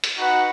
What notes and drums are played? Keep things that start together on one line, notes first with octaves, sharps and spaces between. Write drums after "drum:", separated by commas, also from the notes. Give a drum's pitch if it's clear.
drum: hi-hat
D#4 F#4 B4 F#5